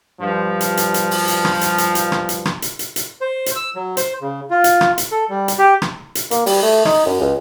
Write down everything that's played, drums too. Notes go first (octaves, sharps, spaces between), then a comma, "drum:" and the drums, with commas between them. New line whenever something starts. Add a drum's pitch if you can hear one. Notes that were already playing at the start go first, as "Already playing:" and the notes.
G2 F3
drum: hi-hat
drum: hi-hat
drum: hi-hat
drum: open hi-hat
drum: hi-hat
drum: rim click
drum: hi-hat
drum: hi-hat
drum: hi-hat
drum: rim click
drum: hi-hat
drum: rim click
drum: hi-hat
drum: hi-hat
drum: hi-hat
C5
drum: hi-hat
E6
F#3
C5, drum: hi-hat
C#3
F4
drum: hi-hat
drum: rim click
drum: hi-hat
A4
G3
drum: hi-hat
G4
drum: rim click
drum: hi-hat
A#3, drum: hi-hat
G3, drum: open hi-hat
A3
D#4, drum: rim click
F#2
C#2